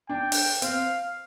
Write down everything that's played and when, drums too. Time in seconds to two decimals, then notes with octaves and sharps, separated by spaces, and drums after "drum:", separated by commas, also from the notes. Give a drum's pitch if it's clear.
0.09 D4 G5
0.32 drum: open hi-hat
0.62 C4 F5, drum: hi-hat